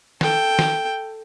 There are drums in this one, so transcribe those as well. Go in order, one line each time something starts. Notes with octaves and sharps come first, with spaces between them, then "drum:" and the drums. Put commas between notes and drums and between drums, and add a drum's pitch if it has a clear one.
A4 G5, drum: snare
drum: snare